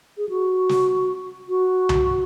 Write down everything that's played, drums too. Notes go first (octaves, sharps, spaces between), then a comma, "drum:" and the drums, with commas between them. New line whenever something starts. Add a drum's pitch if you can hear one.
G#4
F#4
drum: snare
F#4
drum: tom C2